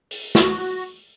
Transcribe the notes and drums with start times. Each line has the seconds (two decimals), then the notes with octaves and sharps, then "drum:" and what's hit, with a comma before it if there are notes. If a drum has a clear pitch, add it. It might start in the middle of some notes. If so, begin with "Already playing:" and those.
0.11 drum: open hi-hat
0.35 F#4, drum: snare